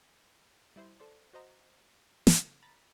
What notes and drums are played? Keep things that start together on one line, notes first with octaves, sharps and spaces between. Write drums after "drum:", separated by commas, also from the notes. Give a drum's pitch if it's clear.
G3 E4 C5
A4 C5 D5
F#4 C5 D#5 A#5
C#3, drum: snare
A#5 B5 A6 B6